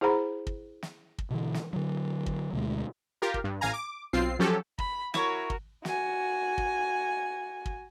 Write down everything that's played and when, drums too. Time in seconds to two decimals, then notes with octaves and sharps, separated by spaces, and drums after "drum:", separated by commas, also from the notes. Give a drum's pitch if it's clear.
0.01 E4 G#4 C5 F#5 A#5 B5
0.47 drum: kick
0.83 drum: snare
1.18 drum: kick
1.30 B2 D3 E3
1.54 drum: snare
1.73 D3 F#3
2.26 drum: kick
2.53 D2 B2 F#3 G#3
3.22 F4 G4 A#4
3.34 drum: kick
3.44 G2
3.61 A1 F5 G#5 A#5
3.73 D6
4.13 B1 C4 F4 C7
4.39 F3 F#3 C#4 G4 A4
4.78 B5, drum: kick
5.14 E4 F#4 A#4 C#5, drum: snare
5.50 drum: kick
5.85 F#4 G#5, drum: snare
6.58 drum: kick
7.66 drum: kick